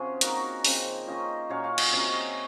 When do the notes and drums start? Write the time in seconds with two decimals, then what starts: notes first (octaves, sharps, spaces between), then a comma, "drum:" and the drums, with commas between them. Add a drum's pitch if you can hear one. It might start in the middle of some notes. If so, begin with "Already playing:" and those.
Already playing: C3 F#3 C#4 F4 G#4
0.21 D#3 A#3 D#4 F#4 A#4, drum: hi-hat
0.65 C#3 F3 C4, drum: open hi-hat
1.07 D#3 A#3 C#4 F4 C5 D#5
1.49 A#2 F#3 C#4 F4 C#5 F5
1.64 F5 G#5
1.78 D#5 F#5, drum: cymbal
1.92 C3 F#3 C#4 C#5 F5